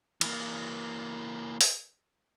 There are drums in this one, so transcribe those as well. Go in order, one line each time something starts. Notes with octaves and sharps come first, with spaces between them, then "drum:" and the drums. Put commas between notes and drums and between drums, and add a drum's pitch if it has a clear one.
E3 A#3, drum: cymbal
drum: open hi-hat